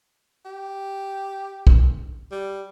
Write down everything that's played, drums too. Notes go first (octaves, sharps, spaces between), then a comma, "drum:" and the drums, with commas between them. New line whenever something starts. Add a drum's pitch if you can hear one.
G4
drum: kick
G3